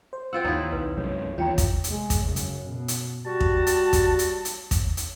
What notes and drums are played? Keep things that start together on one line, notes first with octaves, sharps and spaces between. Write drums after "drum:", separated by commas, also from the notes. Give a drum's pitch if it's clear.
C5
C4 F4 F#5 E6
D#2 D#4 E4 C#5
B1 B4
C2 F#2 G#3 C#5
D#2 E3 F4 C#5 G5 A#5
drum: kick, hi-hat
C3 G#3, drum: hi-hat
drum: kick, hi-hat
F#2 C#3
drum: hi-hat
B2
drum: hi-hat
G3 F#4 A5
drum: kick
drum: hi-hat
drum: kick, hi-hat
drum: hi-hat
drum: hi-hat
drum: kick, hi-hat
drum: hi-hat